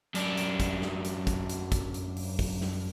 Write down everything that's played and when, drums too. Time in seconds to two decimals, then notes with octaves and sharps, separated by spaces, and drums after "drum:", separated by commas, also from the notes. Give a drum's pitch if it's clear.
0.15 F#2 D4, drum: hi-hat
0.37 drum: hi-hat
0.60 drum: kick, hi-hat
0.82 drum: snare
1.04 drum: hi-hat
1.27 drum: kick, hi-hat
1.49 drum: hi-hat
1.72 drum: kick, hi-hat
1.94 drum: hi-hat
2.17 drum: open hi-hat
2.39 drum: kick, open hi-hat
2.61 drum: snare